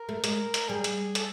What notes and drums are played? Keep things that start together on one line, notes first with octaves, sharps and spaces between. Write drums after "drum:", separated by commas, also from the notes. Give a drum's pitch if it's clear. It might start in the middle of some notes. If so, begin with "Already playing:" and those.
Already playing: A#4
A3
G#3, drum: hi-hat
drum: hi-hat
G3 G#4
drum: hi-hat
A4, drum: hi-hat